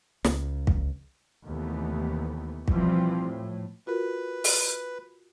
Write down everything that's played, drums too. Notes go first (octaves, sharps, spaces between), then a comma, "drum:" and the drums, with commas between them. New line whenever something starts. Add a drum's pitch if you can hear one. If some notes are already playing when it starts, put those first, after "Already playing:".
C#2, drum: snare
drum: kick
D#2 C3 E3 A3 B3
B2 E3 F3 G3 C4, drum: kick
A2
F4 F#4 A#4 B4
drum: open hi-hat